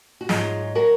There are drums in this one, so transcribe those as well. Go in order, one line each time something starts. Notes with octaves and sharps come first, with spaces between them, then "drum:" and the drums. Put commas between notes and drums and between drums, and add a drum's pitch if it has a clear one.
F#4
G#2 F#3 F4 G#4, drum: snare
F#3 F#4 A#4